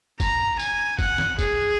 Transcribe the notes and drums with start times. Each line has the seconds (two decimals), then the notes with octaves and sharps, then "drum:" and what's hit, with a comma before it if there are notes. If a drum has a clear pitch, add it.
0.20 A#5, drum: kick, tambourine
0.59 G#5, drum: tambourine
0.99 F#5, drum: kick, tambourine
1.18 drum: snare
1.39 G#4, drum: kick, tambourine